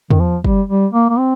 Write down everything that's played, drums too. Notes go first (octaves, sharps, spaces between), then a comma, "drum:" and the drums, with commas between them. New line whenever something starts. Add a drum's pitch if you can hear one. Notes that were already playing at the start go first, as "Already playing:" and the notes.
D#3, drum: tom E2
F3
G3, drum: kick
G3
A#3
A#3
C4